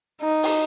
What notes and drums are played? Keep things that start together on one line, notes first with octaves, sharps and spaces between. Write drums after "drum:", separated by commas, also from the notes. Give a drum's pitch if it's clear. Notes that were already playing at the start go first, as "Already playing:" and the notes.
D#4
drum: open hi-hat